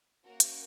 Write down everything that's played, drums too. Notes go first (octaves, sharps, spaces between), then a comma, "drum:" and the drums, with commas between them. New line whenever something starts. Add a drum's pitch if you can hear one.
A#3 C#4 F#4 A#4
drum: hi-hat